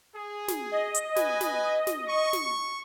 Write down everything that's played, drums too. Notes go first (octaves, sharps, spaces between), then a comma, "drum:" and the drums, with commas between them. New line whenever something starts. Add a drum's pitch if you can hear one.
G#4
drum: snare
D#5
drum: hi-hat
B4 G#5, drum: snare
drum: snare
drum: snare
C#6
drum: snare